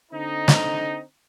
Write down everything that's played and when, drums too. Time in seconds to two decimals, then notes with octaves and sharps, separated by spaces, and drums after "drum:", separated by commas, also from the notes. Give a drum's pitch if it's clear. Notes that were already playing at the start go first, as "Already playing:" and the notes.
0.12 D3 C4 D#4
0.48 drum: snare